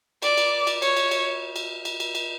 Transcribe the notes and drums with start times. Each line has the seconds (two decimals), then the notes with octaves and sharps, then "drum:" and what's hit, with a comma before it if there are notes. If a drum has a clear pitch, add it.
0.22 D5, drum: cymbal
0.37 drum: cymbal
0.67 drum: cymbal
0.82 C#5, drum: cymbal
0.97 drum: cymbal
1.11 drum: cymbal
1.56 drum: cymbal
1.85 drum: cymbal
2.00 drum: cymbal
2.15 drum: cymbal